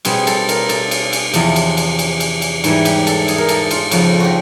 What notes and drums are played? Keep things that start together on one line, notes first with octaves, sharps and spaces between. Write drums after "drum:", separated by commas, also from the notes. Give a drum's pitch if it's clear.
B2 G3 C4 G#4, drum: cymbal
A4, drum: cymbal
A#4, drum: cymbal
A4, drum: cymbal
drum: cymbal
drum: cymbal
E2 C3 F3, drum: cymbal
drum: cymbal
drum: cymbal
drum: cymbal
drum: cymbal
drum: cymbal
G#2 E3 G3, drum: cymbal
G4, drum: cymbal
A4, drum: cymbal
G#4, drum: cymbal
A#4
A4, drum: cymbal
F4, drum: cymbal
F2 C#3 F3 F#4, drum: cymbal
F#4 G4